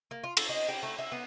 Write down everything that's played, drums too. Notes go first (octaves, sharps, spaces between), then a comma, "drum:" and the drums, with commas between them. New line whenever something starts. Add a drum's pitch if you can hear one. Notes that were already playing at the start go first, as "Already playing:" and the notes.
A#3
F4
A4, drum: cymbal
D#5
G4
A3
E5
B3